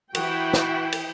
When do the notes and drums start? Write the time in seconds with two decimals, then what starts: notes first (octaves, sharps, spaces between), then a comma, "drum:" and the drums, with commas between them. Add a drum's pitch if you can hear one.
0.15 E3 E4 F#4 G5, drum: cymbal
0.53 drum: snare
0.92 drum: cymbal